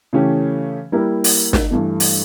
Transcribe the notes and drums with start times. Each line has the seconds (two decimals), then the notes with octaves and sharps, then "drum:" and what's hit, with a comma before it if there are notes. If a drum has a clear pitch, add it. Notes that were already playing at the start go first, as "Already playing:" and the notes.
0.13 C#3 E3 A3 C#4 G4
0.92 G3 A#3 E4 G4 A#4
1.24 drum: open hi-hat
1.53 drum: snare
1.71 G2 E3 A3
2.00 drum: open hi-hat